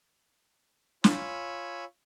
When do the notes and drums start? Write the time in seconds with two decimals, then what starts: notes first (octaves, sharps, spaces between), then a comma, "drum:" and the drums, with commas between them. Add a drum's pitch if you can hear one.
1.04 F4 C#5 G#5 B5 E6, drum: snare